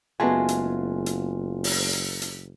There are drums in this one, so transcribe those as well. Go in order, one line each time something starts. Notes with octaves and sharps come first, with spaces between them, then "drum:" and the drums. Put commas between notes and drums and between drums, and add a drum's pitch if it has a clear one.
F#1 G#3 A3 B3 F4 F#4 G#5
drum: hi-hat
drum: hi-hat
drum: open hi-hat
drum: hi-hat
drum: hi-hat